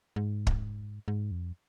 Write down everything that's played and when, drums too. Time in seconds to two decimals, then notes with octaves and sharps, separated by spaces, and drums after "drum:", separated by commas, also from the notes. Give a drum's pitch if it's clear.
0.16 G#2
0.47 drum: kick
1.08 G#2
1.31 F2